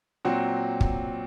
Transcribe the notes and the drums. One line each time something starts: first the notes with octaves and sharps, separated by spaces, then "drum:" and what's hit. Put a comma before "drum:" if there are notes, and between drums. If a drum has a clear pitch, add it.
A#2 F#3 C4 F#4
drum: kick